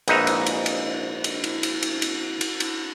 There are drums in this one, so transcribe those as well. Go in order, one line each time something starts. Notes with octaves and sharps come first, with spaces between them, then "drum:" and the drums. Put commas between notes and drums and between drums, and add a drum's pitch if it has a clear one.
A#1 G#2 D#4 B4 E5 A#5, drum: cymbal
drum: cymbal
drum: cymbal
drum: cymbal
drum: cymbal
drum: cymbal
drum: cymbal
drum: cymbal
drum: cymbal
drum: cymbal
drum: cymbal